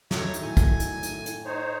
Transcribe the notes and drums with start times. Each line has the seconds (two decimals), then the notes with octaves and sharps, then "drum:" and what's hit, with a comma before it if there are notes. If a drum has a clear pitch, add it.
0.11 F#2 D#3 A3 C#5, drum: snare
0.34 drum: hi-hat
0.43 A2 G#5
0.57 drum: kick, hi-hat
0.80 drum: hi-hat
1.03 drum: hi-hat
1.26 drum: hi-hat
1.45 D#4 C5 C#5